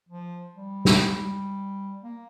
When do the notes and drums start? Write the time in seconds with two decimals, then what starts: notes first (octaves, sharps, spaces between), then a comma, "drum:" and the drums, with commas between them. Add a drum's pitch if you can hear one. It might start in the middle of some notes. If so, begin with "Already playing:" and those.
0.09 F3
0.56 G3
0.85 drum: snare
2.03 A#3